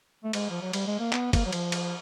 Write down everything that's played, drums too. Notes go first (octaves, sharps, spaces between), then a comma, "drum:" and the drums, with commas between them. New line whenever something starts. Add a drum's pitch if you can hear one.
A3
G#3, drum: cymbal
F3
F#3
G3, drum: cymbal
G#3
A#3
B3, drum: clap
A#3, drum: kick, cymbal
F#3
F3, drum: cymbal
drum: cymbal